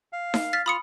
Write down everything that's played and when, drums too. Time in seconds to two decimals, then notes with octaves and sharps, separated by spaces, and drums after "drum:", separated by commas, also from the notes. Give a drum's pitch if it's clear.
0.13 F5
0.34 drum: snare D#4
0.53 F6 A6 B6
0.66 F4 B5 D#6 F6 C#7